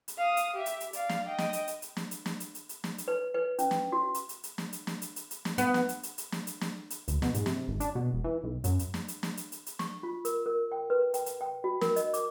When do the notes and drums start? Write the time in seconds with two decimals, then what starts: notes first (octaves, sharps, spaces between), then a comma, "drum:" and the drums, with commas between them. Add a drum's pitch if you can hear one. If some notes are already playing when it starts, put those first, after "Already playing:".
0.08 drum: hi-hat
0.18 F5 D#6
0.37 drum: hi-hat
0.56 G4 E5
0.66 drum: hi-hat
0.80 drum: hi-hat
0.93 D5 F5, drum: hi-hat
1.09 drum: snare
1.27 D#5 G5
1.38 drum: snare
1.53 drum: hi-hat
1.68 drum: hi-hat
1.82 drum: hi-hat
1.97 drum: snare
2.11 drum: hi-hat
2.26 drum: snare
2.40 drum: hi-hat
2.55 drum: hi-hat
2.69 drum: hi-hat
2.84 drum: snare
2.98 drum: hi-hat
3.08 B4
3.34 B4
3.59 C#4, drum: hi-hat
3.71 drum: snare
3.92 F#4
4.14 drum: hi-hat
4.29 drum: hi-hat
4.44 drum: hi-hat
4.58 drum: snare
4.73 drum: hi-hat
4.87 drum: snare
5.02 drum: hi-hat
5.16 drum: hi-hat
5.31 drum: hi-hat
5.45 drum: snare
5.58 B3, drum: hi-hat
5.74 drum: snare
5.89 drum: hi-hat
6.03 drum: hi-hat
6.18 drum: hi-hat
6.32 drum: snare
6.47 drum: hi-hat
6.61 drum: snare
6.90 drum: hi-hat
7.08 D2, drum: hi-hat
7.22 B2, drum: snare
7.34 G#2, drum: hi-hat
7.46 C3, drum: snare
7.68 G#1
7.80 D4, drum: hi-hat
7.95 B2
8.13 E1
8.24 E3
8.43 B1
8.64 F#2, drum: hi-hat
8.79 drum: hi-hat
8.94 drum: snare
9.08 drum: hi-hat
9.23 drum: snare
9.37 drum: hi-hat
9.52 drum: hi-hat
9.66 drum: hi-hat
9.79 C#6, drum: snare
10.03 F4
10.25 A#4, drum: hi-hat
10.46 A#4
10.72 G5
10.90 B4
11.14 G5, drum: hi-hat
11.26 drum: hi-hat
11.41 G5
11.64 F#4
11.81 A#4, drum: snare
11.96 D#5, drum: hi-hat
12.14 D6, drum: hi-hat